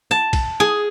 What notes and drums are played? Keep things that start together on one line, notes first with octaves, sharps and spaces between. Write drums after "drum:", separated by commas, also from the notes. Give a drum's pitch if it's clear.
A5
drum: kick, cymbal
G#4